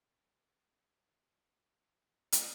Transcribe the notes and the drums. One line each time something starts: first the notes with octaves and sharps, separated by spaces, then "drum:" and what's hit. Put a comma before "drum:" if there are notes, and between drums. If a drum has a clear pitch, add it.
A5 D6
drum: hi-hat